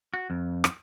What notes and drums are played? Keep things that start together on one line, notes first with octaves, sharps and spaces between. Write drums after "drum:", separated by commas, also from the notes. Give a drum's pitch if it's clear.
F#4
F2
drum: rim click